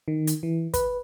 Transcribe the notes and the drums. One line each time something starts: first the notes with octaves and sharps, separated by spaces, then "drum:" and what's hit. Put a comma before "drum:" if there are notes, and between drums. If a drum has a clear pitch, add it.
D#3
drum: hi-hat
E3
B4, drum: kick, hi-hat